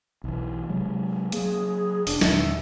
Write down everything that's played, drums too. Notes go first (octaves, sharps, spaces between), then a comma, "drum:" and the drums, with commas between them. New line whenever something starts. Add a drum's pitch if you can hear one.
B1 E3
C3 F#3 G#3
F#3 A#3 G#4, drum: hi-hat
E1 D4, drum: open hi-hat
D#2 A#2 D3 E5, drum: snare